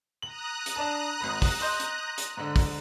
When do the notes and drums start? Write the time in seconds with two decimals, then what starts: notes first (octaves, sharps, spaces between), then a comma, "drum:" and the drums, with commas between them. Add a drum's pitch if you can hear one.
0.22 A#5 D#6 F#6 F#7
0.66 drum: hi-hat
0.76 D4 A5
1.21 G#1 B5
1.42 drum: kick, open hi-hat
1.61 D#5 C6 G6
1.80 drum: hi-hat
2.18 drum: hi-hat
2.37 G#2 D3
2.56 drum: kick, open hi-hat